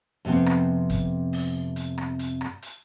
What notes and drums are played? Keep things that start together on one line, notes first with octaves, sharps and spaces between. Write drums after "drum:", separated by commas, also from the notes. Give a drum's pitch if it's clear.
F2 C3 B3 C4
drum: rim click
drum: kick, hi-hat
drum: open hi-hat
drum: hi-hat
drum: rim click
drum: hi-hat
drum: rim click
drum: hi-hat